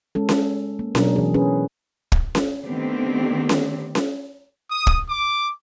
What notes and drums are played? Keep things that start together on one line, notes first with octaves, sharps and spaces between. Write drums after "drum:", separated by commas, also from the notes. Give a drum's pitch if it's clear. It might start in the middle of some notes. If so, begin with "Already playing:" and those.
G#3 C#4 A4
drum: snare C#4
A#3
B2 F#3 C#4 D4 A#4, drum: snare C#4
E3 G#4
C#4 G#4 B4
drum: kick
drum: snare C#4
D3 D#3 A3 B3 C4 G4
drum: snare C#4
drum: snare C#4
D#6
drum: kick
D6